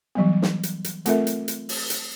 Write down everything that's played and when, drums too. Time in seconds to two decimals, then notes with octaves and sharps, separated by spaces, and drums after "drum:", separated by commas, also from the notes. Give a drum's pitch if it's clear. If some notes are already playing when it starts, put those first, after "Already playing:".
0.15 E3 F#3 G3 B3
0.42 drum: snare
0.63 drum: hi-hat
0.84 drum: hi-hat
1.06 A3 C4 F4 A4 A#4 E5, drum: hi-hat
1.27 drum: hi-hat
1.48 drum: hi-hat
1.69 drum: open hi-hat
1.90 drum: hi-hat